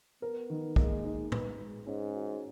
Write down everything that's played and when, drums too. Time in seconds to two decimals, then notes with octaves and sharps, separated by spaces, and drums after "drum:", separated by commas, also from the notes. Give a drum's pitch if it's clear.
0.22 B3 A#4
0.50 D#3
0.76 G#3 A#3, drum: kick
1.04 D#4
1.32 B4, drum: tom
1.59 G#3
1.87 G#2 C#4
2.14 F#4